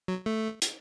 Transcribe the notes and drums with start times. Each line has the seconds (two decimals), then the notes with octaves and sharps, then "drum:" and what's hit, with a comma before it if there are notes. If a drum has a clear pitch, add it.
0.08 F#3
0.26 A3
0.62 drum: hi-hat